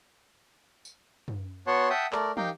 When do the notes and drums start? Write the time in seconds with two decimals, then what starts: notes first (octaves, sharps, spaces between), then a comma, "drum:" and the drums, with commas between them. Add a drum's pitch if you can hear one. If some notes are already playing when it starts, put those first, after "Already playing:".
0.85 drum: tambourine
1.28 drum: tom F#2
1.67 B3 F#4 C#5 F#5 A5 C6
1.90 E5 F#5 G5 A5 D#6
2.13 A3 A#4 D5, drum: clap
2.37 D#4 G4 A#4 F5 G5, drum: tom